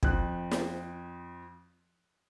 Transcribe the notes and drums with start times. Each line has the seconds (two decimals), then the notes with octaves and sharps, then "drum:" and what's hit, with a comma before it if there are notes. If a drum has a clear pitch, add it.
0.03 F2 F3 F#6, drum: kick
0.51 drum: snare